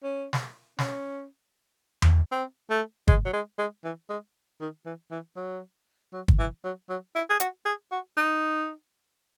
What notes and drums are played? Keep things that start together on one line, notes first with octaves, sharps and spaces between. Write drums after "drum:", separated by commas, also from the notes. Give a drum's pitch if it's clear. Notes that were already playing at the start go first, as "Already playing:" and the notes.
C#4
drum: snare
C#4, drum: snare
drum: tom E2
C4
A3
G#3, drum: kick
F#3
G#3
G#3
E3
G#3
D#3
E3
E3
F#3
F#3
drum: kick
E3
F#3
F#3
E4
G#4
F#4, drum: hi-hat
G#4
F#4
D#4